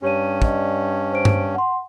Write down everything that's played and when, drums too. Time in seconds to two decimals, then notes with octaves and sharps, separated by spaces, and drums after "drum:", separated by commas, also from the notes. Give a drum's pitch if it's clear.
0.02 G2 C#4 G4 C#5 D#7
0.42 D5 D#5, drum: kick
1.13 C5 D7
1.25 drum: tom G2
1.54 F#5 C6